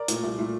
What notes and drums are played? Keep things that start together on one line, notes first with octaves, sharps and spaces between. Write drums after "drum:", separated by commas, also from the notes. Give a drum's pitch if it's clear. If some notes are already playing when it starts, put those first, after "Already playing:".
Already playing: A#4 D5
A#2 A3, drum: hi-hat
C2
A#2 A3